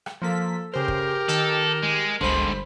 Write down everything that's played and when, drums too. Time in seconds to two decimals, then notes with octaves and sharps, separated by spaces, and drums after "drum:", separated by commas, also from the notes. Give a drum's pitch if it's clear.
0.06 drum: rim click
0.22 F3 A#3 A4 B6
0.74 C#3 G4 A#4 C5
0.88 drum: kick
1.28 D#3 A4, drum: hi-hat
1.83 G#3
2.21 G1 G#2 D3 C5 B5 C6, drum: tom C#2